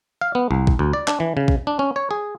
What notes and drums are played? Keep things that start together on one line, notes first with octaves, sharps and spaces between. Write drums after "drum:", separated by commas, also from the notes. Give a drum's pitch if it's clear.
F5
B3
C2
drum: kick A#1
D2
D5
D4, drum: clap
E3
C#3
drum: kick A#1
D4
C#4
C#5
G#4